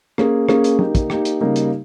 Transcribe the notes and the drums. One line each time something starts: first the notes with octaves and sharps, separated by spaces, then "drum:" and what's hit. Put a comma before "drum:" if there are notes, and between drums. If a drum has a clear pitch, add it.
A#3 C#4 G#4, drum: rim click
A#3 C#4 G#4, drum: rim click
drum: hi-hat
A#3 D#4 G4, drum: tom
drum: kick, hi-hat
A#3 D#4 G4, drum: rim click
drum: hi-hat
C#3 G3 A#3 D#4
drum: hi-hat